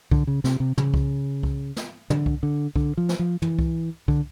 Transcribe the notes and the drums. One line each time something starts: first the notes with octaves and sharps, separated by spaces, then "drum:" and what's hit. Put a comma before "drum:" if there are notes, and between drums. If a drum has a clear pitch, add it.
D3, drum: kick C2
C#3
C3, drum: snare
C3
C#3, drum: tom
drum: kick C2
drum: kick C2
drum: snare
D3, drum: tom
drum: kick C2
D3
D3, drum: kick C2
F3
drum: snare
F3
E3, drum: tom
drum: kick C2
D3, drum: kick C2